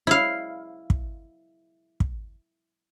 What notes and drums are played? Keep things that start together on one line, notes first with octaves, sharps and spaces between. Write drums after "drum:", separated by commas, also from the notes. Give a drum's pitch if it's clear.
E4 F5
drum: kick
drum: kick